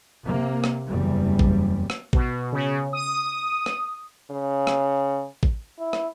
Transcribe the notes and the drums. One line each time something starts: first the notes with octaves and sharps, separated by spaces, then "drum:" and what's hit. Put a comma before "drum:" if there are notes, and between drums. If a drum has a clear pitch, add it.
C3 A#3
drum: rim click
F#1 E2 G3
drum: kick A1
drum: rim click
B2, drum: kick A1
C#3
D#6
drum: rim click
C#3
drum: rim click
drum: kick A1
E4
drum: rim click